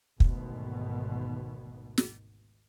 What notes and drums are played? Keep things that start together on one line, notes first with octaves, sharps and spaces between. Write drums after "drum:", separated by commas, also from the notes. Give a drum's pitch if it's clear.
G#1 D2 B2 D#3 B3, drum: kick
drum: snare